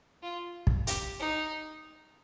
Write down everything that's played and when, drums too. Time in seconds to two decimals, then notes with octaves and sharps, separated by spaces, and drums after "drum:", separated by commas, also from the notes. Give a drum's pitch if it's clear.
0.23 F4
0.67 drum: kick
0.87 G4, drum: hi-hat
1.20 D#4